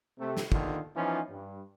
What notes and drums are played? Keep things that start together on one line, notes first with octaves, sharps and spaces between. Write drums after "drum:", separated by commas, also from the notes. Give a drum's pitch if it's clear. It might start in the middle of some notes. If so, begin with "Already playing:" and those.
C3 A3
drum: snare
A#1 D#2 D3 D#3 B3 F4, drum: kick
E3 F3 B3 C#4 D#4 F4
G2